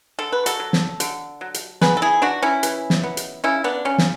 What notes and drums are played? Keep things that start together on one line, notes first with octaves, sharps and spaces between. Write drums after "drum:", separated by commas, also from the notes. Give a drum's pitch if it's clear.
D3 A4
B4
F#4 A4, drum: hi-hat
F#3
drum: snare
D3, drum: hi-hat
F#3
drum: hi-hat
B3 G#4 B4, drum: snare
A4
E4 G#4
E3 D4 F#4
C#4 E4
E3, drum: hi-hat
drum: snare
B3
drum: hi-hat
C#3 C#4 E4
B3 D4
C#3 C#4
drum: snare